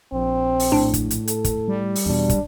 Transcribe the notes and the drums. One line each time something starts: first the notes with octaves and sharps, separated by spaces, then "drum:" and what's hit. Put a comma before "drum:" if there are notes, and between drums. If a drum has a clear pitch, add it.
A#1 C4
drum: open hi-hat
A2 D4
drum: kick, hi-hat
drum: hi-hat
A4, drum: hi-hat
drum: kick, hi-hat
G3
drum: open hi-hat
E2 B2 D4
drum: kick, hi-hat